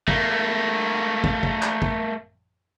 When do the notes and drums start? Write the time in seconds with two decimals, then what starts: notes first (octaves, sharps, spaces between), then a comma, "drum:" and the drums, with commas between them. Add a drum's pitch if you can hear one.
0.08 A3 A#3, drum: kick
1.24 drum: kick
1.43 drum: kick
1.62 drum: clap
1.82 drum: kick